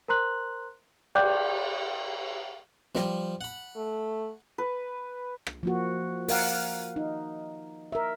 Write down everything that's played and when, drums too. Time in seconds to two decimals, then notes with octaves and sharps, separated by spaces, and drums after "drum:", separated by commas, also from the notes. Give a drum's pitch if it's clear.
0.08 A#4 C5 A#5 C6 F#6 F#7
1.15 D5 G5 D6 F#6 G6, drum: cymbal
2.95 F3 G3, drum: snare
3.41 F#5 B5
3.76 A3
4.58 B4
5.47 drum: rim click
5.63 F3 A#3 F#4
6.28 A#4 F5 F#5, drum: open hi-hat
6.96 D#4
7.92 A#4 E5